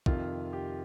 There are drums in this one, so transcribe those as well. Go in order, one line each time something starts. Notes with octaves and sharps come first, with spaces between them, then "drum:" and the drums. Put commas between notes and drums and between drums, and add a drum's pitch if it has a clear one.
F2 C3 D#3 F4, drum: kick
G4